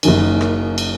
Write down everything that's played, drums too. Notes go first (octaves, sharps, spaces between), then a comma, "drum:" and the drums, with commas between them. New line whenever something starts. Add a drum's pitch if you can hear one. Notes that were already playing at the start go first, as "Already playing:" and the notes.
F#1 F#2 D#3, drum: cymbal
drum: rim click
drum: cymbal